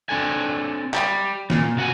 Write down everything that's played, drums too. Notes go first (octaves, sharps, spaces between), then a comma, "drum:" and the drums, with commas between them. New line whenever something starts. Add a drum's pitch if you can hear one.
C4 D4 A4 G#5
G3, drum: clap
A#2, drum: snare
C3 F#4 F#5 G#5